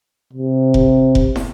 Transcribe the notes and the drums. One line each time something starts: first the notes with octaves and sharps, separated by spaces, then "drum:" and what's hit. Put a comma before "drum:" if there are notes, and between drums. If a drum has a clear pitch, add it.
C3
drum: kick F1
drum: kick F1
drum: snare